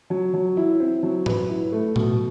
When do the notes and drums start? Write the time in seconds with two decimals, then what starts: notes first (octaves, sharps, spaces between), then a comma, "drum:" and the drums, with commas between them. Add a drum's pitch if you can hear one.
0.10 F#3
0.34 F#3
0.57 E4
0.80 C4
1.03 F#3
1.26 B4, drum: tom G#2
1.49 E4
1.72 A3
1.96 B2, drum: tom A2